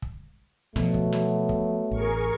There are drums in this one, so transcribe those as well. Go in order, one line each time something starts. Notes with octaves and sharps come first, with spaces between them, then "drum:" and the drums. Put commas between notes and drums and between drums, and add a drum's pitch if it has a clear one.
drum: kick
B2 F3 F#3 A3 B3, drum: snare
drum: kick
drum: snare
drum: kick
A1 G#4 A#4 C#6